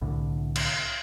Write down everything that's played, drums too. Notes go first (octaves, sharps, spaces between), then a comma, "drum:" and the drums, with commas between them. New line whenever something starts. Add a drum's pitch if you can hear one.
C2 A2 D3
drum: cymbal